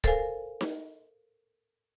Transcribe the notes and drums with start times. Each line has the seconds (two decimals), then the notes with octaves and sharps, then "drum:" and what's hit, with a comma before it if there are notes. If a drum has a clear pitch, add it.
0.04 A4 A#4 C5 F5 G#5, drum: kick
0.61 drum: snare D#4